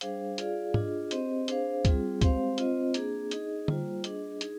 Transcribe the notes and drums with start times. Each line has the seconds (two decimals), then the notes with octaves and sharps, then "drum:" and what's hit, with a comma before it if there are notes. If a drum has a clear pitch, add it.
0.01 G3 D4 G#4 C5 F5, drum: hi-hat
0.38 F4 G#4 D5 F5, drum: hi-hat
0.74 D4 F4 G#4 D#5, drum: tom G#2
1.11 C4 G4 C5 D#5, drum: hi-hat
1.48 D4 G#4 C5 F5, drum: hi-hat
1.85 G3 C4 F4 G#4, drum: kick, hi-hat
2.21 G#3 C4 G4 C5 F5, drum: kick, hi-hat
2.58 C4 F4 C5 D#5, drum: hi-hat
2.94 A#3 D4 G#4, drum: hi-hat
3.31 D#4 G#4 D#5, drum: hi-hat
3.68 G3 A#3 F4 C5, drum: tom D3
4.04 D4 G#4 D#5, drum: hi-hat
4.41 D#4 G#4, drum: hi-hat